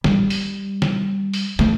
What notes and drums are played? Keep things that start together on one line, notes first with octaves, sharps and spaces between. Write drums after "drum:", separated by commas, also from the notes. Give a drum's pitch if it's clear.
G3, drum: snare
drum: open hi-hat
drum: snare
drum: open hi-hat
A3, drum: snare